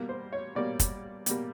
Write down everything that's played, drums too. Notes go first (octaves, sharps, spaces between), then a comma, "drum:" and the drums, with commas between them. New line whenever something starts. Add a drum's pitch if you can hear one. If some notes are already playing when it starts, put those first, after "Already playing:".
Already playing: B2 G3 A#3
C5
C#5
B2 G3 A#3 D5
drum: kick, hi-hat
B2 G3 A#3, drum: hi-hat